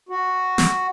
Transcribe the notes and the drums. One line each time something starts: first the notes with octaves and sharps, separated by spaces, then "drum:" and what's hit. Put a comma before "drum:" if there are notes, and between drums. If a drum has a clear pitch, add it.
F#4
drum: snare